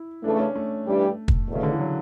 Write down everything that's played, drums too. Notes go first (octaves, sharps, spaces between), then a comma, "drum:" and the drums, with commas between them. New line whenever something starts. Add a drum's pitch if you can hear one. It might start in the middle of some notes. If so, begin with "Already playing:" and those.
Already playing: E4
C#3 E3 A3 D4
C#4
A3
G2 E3 G3 D4 G4
drum: kick
E2 B2 A3
C#3
D3
E3
F#3